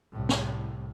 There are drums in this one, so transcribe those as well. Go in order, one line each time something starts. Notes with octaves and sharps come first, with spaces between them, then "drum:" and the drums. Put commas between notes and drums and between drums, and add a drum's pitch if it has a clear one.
C2 A2
drum: snare